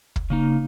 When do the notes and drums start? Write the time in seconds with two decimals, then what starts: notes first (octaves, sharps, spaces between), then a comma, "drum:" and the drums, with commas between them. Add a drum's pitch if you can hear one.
0.16 drum: kick
0.30 C#3 A#3 D#4